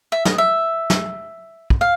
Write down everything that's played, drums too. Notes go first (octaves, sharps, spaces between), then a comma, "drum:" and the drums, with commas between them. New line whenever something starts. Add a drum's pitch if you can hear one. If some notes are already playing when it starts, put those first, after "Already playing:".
E5
D#5, drum: snare
E5
drum: snare
drum: kick
F5